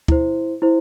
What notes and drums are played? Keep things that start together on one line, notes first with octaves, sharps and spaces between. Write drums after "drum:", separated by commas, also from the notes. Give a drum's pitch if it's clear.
E4 C5, drum: kick
E4 C5